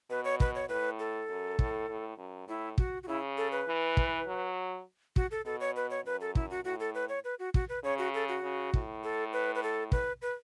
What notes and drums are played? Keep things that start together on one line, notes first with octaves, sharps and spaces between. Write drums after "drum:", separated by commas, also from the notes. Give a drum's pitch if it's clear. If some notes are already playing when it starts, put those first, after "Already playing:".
B2 B4
C#5
B4, drum: kick
C#5
A2 B4
A4
F#2
A2, drum: kick
A2
F#2
A2 E4
F#4, drum: kick
F#4
C#3 E4
A4
B4
E3
drum: kick
F#3
F#4, drum: kick
A4
B2 A4
C#5
B4
C#5
F#2 B4
A4
E4, drum: kick
F#4
A2 F#4
A4
B4
C#5
B4
F#4
F#4, drum: kick
B4
C#3 C#5
F#4
A4
F#4
C#3
A2, drum: kick
A4
B4
B4
A4
B4, drum: kick
B4